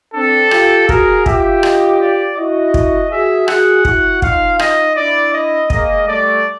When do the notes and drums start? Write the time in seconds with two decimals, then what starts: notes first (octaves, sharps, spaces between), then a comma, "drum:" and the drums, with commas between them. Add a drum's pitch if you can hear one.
0.14 C4 D4 A4
0.51 F4 G4, drum: rim click
0.89 F#4 G#4 A#4, drum: kick
1.26 F4 G4 E5, drum: kick
1.63 D#5, drum: rim click
2.00 D5
2.37 E4 F#4 D#5
2.74 drum: kick
3.11 F#4 G#4 E5
3.48 F#4 G#4 F#5, drum: rim click
3.85 E4 F#4, drum: kick
4.22 D#4 F4 F5, drum: kick
4.59 D#5, drum: rim click
4.97 D4 E4 D5
5.33 D#5
5.70 G#3 A#3 D#5, drum: kick
6.07 G3 A3 D5